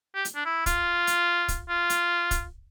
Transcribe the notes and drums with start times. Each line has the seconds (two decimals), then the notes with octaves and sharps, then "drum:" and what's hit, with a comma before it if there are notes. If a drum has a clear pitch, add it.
0.15 G4
0.25 drum: hi-hat
0.36 D4
0.45 E4
0.66 F4, drum: kick, hi-hat
1.07 drum: hi-hat
1.48 drum: kick, hi-hat
1.69 F4
1.90 drum: hi-hat
2.31 drum: kick, hi-hat